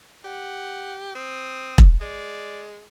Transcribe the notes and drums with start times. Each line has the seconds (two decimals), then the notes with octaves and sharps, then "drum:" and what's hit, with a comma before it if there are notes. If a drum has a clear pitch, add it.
0.25 G4 F#5
1.15 C4 D#6
1.78 drum: kick E1
2.01 G#3 D5